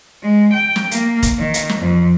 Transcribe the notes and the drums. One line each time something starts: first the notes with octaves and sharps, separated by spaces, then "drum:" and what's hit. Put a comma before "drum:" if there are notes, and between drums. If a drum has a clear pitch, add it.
G#3
G5
drum: snare
A#3, drum: hi-hat
drum: kick E1, hi-hat
D#3
drum: hi-hat
drum: snare
F2